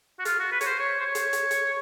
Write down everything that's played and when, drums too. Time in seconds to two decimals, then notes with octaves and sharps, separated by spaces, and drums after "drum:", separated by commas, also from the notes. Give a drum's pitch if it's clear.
0.19 F#4
0.25 F4, drum: hi-hat
0.39 F#4
0.52 B4
0.61 C#5, drum: hi-hat
0.66 C5
0.79 C#5
1.00 C5
1.06 C#5
1.15 drum: hi-hat
1.33 drum: hi-hat
1.51 drum: hi-hat